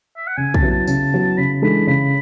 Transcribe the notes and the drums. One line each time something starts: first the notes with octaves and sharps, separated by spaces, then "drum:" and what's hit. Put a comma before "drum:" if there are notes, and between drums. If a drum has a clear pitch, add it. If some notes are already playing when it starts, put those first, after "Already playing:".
E5
F#5
C#3 G#5
A5, drum: kick
F#3 B3 E4
A5
C#3 A5, drum: tambourine
F#3 B3 E4
C#3 B5
E3 G#3 D4 A4 B5
C#3 B5